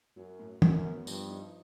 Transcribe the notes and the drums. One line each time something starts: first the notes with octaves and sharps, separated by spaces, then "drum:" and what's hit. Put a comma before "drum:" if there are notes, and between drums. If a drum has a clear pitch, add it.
F#2 F#3
A2
F#2 A2, drum: tom
B3
G2 F3, drum: tambourine
D#4